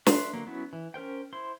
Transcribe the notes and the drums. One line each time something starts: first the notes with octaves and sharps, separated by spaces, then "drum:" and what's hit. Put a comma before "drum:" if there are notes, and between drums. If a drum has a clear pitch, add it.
D4 B4 E5 C6, drum: snare
D3 F#3 A#3
F#3 B3 C#4 E4 F#4
E3
C#4 A#4 C5 G5
E4 C5 C6